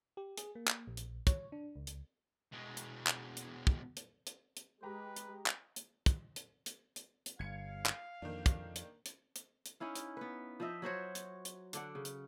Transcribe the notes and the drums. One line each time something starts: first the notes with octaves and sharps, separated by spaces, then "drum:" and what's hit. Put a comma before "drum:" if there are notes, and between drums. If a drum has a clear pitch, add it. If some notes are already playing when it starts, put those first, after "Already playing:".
G4
G#4, drum: hi-hat
A#3
drum: clap
A#1
drum: hi-hat
C#5, drum: kick, hi-hat
D4
C#2
drum: hi-hat
B2 G#3
drum: hi-hat
drum: clap
drum: hi-hat
drum: kick
drum: hi-hat
drum: hi-hat
drum: hi-hat
G#3 G4 B4 A#5
drum: hi-hat
drum: clap
drum: hi-hat
drum: kick, hi-hat
drum: hi-hat
drum: hi-hat
drum: hi-hat
drum: hi-hat
G1 G2 F5 G#6 C#7
drum: clap
F2 D#3 A#3 D4
drum: kick, hi-hat
drum: hi-hat
drum: hi-hat
drum: hi-hat
drum: hi-hat
C#4 D#4 E4 F5
drum: hi-hat
B3 B4
F3 C5 D#5 E5
F#3 F#4 C5 C#5
drum: hi-hat
drum: hi-hat
D3 D4 F#5, drum: hi-hat
C#3
drum: hi-hat